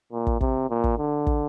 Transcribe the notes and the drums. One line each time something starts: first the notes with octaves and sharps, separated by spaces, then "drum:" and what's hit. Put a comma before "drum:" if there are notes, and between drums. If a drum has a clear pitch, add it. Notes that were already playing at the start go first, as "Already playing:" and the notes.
A#2
drum: kick
C3, drum: kick
A#2
drum: kick
D3
drum: kick